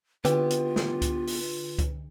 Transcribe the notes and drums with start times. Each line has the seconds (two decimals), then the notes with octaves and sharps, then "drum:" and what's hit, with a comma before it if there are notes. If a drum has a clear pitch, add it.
0.25 D3 B3 D4 E4 F4 G4 B4, drum: hi-hat
0.50 drum: hi-hat
0.76 drum: snare
1.02 drum: kick C#2, hi-hat
1.27 drum: open hi-hat
1.79 drum: kick C#2, hi-hat